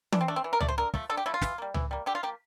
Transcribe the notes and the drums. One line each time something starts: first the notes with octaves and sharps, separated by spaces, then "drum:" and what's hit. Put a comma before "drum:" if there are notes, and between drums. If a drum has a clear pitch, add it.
E3 D4, drum: tom
C4
A3 D4
C4
E3
A#4
A3 D5, drum: tom C#2
C5
D3 A#4
F3 A3, drum: kick
D3 A4
G4
F3 A3 E4
F4
E3, drum: snare
G3 A#3
E3, drum: tom C#2
G3 A#3
D3 G4
F4
F3 A#3 G4